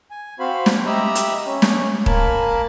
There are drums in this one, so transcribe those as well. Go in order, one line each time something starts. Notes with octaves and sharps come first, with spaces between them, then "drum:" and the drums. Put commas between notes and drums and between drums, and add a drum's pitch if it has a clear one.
G#5
C4 F#4 C5 F5 B5
drum: snare
G4 D#5 E5 A#5 B5 E6
drum: hi-hat
C#4
drum: snare
A#3 A#4 G#5 A5 B5, drum: kick